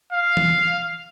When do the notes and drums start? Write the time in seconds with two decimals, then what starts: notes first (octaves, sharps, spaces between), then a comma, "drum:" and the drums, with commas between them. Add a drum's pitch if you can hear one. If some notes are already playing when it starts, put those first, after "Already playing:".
0.12 F5
0.37 drum: tom E3